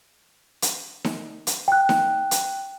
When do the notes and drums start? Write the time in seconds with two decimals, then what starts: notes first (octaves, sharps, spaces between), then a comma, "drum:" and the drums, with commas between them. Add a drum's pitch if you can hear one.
0.62 drum: hi-hat
1.04 drum: snare D#4
1.47 drum: hi-hat
1.68 G5 F#6
1.89 drum: snare D#4
2.31 drum: hi-hat